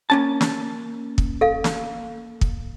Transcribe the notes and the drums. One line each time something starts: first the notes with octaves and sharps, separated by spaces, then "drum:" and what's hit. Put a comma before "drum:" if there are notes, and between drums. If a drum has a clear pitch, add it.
A#3 C#4 A5
drum: snare
drum: kick
A4 F5
drum: snare
drum: kick